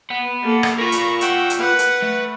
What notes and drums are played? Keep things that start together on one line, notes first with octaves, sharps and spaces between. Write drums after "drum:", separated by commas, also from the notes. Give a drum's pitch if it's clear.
F#5 B5
A#3 A4
drum: rim click
F4 A#4 A#5 B5 C#6
drum: hi-hat
F#5 G5 E6, drum: hi-hat
drum: hi-hat
B4 F#5
drum: hi-hat
A3